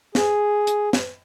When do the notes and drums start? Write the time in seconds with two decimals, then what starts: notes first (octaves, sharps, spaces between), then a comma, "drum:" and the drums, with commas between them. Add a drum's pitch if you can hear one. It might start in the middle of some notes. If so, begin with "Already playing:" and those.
0.15 G#4, drum: snare
0.67 drum: hi-hat
0.93 drum: snare